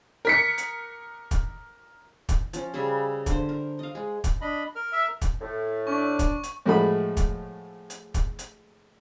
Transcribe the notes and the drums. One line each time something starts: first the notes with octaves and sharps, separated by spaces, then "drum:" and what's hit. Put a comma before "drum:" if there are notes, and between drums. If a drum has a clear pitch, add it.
A#4 B6 C#7
drum: hi-hat
drum: kick, hi-hat
drum: kick, hi-hat
F3 C#4, drum: hi-hat
C#3 G3 G#4 E5
D3 C5, drum: kick, hi-hat
A#4
D#5 F5
G#3
drum: kick, hi-hat
D4 D#5 B5
A#4 F6
E5
drum: kick, hi-hat
A2
D4 C#6
drum: kick, hi-hat
drum: hi-hat
A2 F3 G#3 A3 F#4 B5
drum: kick, hi-hat
drum: hi-hat
drum: kick, hi-hat
drum: hi-hat